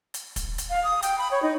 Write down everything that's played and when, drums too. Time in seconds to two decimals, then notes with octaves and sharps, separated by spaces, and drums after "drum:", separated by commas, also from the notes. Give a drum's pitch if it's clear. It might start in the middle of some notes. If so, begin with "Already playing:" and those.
0.14 drum: hi-hat
0.36 drum: kick, hi-hat
0.58 drum: hi-hat
0.70 F5
0.84 D#6
1.02 G5, drum: hi-hat
1.18 B5
1.31 C#5
1.43 D#4